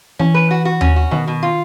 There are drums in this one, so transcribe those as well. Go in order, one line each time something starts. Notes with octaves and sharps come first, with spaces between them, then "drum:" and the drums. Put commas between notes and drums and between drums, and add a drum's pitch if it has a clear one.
E3 C#4
B4
F#4
F#4
C#4, drum: tom D#2
F#4
B2 D#3
B2
F4